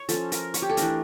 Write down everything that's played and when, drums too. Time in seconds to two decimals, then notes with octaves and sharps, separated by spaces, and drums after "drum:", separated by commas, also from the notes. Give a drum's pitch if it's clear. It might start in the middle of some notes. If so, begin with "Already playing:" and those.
Already playing: C#5
0.09 F3 C#4 A4, drum: hi-hat
0.32 A#4, drum: hi-hat
0.54 C#5, drum: hi-hat
0.62 G4
0.70 A4
0.77 E3 A3 D4 A#4, drum: hi-hat